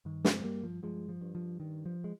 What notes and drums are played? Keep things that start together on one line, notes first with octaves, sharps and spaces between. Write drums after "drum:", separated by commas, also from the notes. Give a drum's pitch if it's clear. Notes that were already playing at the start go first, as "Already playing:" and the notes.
G2 D#3
G#3 C4, drum: snare
G#3
G2 G3 A#3
F3
G2 F3 G#3
F3
G2
F3
G2 D#3
F3
G#3